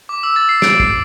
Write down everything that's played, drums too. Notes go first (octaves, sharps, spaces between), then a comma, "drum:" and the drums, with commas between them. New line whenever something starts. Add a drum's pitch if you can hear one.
D6
E6
A6
C7
D7, drum: snare
C7, drum: kick